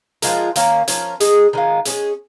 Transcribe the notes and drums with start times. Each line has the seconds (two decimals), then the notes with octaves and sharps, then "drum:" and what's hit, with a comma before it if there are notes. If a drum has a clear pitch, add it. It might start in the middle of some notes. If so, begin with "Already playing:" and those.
0.22 F3 G#3 F4 A#4, drum: hi-hat
0.56 D#3 A#3 C#4, drum: hi-hat
0.88 F3 C#4 A#4, drum: hi-hat
1.20 G#3 D#4 G#4, drum: hi-hat
1.53 D#3 G#3 F4
1.85 G#3 C#4 G#4, drum: hi-hat